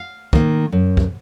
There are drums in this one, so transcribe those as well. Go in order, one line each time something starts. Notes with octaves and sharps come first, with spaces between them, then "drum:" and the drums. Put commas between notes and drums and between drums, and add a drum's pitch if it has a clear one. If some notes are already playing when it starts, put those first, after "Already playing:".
Already playing: F5
D#3 A#3, drum: kick
F#2
drum: kick